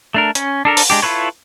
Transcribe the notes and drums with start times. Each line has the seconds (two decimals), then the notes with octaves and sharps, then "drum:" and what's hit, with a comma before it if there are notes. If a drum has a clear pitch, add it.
0.14 A3 D4 A#4
0.35 C#4, drum: hi-hat
0.65 D4 A4 A#4
0.77 drum: open hi-hat
0.90 G#3 D4 G4
1.02 E4 F4 A4 B4 C#5